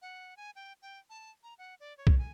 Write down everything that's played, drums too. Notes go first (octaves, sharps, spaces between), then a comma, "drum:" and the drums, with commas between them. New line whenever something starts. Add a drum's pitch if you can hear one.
F#5
G#5
G5
G5
A5
A#5
F#5
D5
C#5
drum: kick
G#5